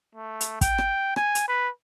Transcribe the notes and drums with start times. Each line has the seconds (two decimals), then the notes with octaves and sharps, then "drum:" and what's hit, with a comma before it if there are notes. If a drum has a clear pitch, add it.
0.15 A3
0.41 drum: hi-hat
0.61 G5, drum: kick, hi-hat
0.78 drum: rim click
1.16 G#5, drum: rim click
1.35 drum: hi-hat
1.48 B4